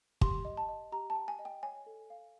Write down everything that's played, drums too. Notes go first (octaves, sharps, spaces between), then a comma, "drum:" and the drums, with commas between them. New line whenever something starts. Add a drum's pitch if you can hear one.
G4 C6, drum: kick
D#5
A5
D#5
G4 A#5
A5
G5
G#5
D#5
G5
C#5 G#5
A4
F5